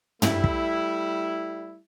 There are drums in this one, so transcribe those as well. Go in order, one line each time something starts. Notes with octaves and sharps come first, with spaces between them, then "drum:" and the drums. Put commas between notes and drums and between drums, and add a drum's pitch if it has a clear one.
G3 A3 E4, drum: tom
drum: kick